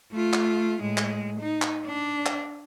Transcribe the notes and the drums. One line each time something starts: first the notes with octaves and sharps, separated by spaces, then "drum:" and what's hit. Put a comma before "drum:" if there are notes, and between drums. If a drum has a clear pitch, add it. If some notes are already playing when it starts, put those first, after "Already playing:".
A3 F4
drum: clap
A2 G#3
drum: clap
D#4
drum: clap
D4
drum: clap